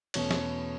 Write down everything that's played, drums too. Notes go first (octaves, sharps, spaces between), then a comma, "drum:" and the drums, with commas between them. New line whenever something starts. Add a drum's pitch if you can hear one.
E2 B2 A3 C#4 C#5, drum: cymbal
drum: snare